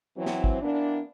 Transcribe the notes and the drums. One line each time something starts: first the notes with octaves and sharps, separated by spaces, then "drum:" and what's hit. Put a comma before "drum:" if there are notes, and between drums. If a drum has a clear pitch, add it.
E3 F#3 C4
drum: snare
drum: kick
E3 A#3 B3 D4